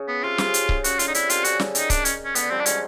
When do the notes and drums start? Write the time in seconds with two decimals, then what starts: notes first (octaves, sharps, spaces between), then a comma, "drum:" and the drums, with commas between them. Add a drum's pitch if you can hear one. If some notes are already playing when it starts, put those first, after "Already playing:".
Already playing: C#3
0.08 B3
0.23 C3 F4
0.38 C#3, drum: snare
0.54 drum: hi-hat
0.69 C#3, drum: kick C#1
0.84 C#3 F#4, drum: hi-hat
0.99 D3 F4, drum: hi-hat
1.08 D#4
1.14 C3 E4, drum: hi-hat
1.30 D3 F4, drum: hi-hat
1.44 C#3 F#4, drum: hi-hat
1.60 D3, drum: snare
1.75 D#3 D#4, drum: hi-hat
1.90 D4, drum: kick C#1, hi-hat
2.05 C#4, drum: hi-hat
2.25 C#4
2.35 D3 B3, drum: hi-hat
2.50 F3 G3 C4
2.60 D4
2.66 F#3 G#3 C#4, drum: hi-hat